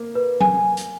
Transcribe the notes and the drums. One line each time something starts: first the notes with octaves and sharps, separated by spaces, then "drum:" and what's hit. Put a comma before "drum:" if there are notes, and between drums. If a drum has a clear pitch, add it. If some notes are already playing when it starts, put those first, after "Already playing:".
Already playing: A#3
B4
G#5, drum: tom F#3
drum: hi-hat